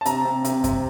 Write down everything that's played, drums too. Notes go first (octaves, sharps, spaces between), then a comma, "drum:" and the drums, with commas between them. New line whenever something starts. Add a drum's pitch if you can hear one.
A5
C3 A#5, drum: hi-hat
C3
C3, drum: hi-hat
C3, drum: kick F#2, hi-hat